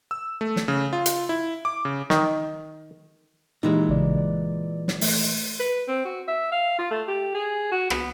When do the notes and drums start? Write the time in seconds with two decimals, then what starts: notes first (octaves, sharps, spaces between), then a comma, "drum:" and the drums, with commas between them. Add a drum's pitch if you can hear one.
0.11 E6
0.41 A3
0.56 drum: snare
0.68 C#3
0.93 F4
1.06 drum: hi-hat
1.29 E4
1.65 D6
1.85 C#3
2.10 D#3, drum: snare
3.63 A#2 E3 G#3 D#4 G4
3.88 A1 C#3 D5
4.17 D5
4.88 drum: snare
5.01 A3, drum: open hi-hat
5.59 B4
5.88 C4
6.05 F#4
6.28 E5
6.52 F5
6.78 F4
6.91 A3
7.08 G4
7.35 G#4
7.72 F#4
7.90 B3, drum: rim click